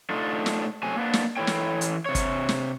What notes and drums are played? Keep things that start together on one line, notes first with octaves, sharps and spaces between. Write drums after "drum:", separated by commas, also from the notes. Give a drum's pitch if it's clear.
A3 D4 D#4 F4 A4
drum: snare
C3 F#3 A3 G#5
A#3 B3 D4
drum: snare
E3 E4 A4 C#5 G5
drum: snare
drum: hi-hat
C3 C#5
drum: kick, hi-hat
drum: snare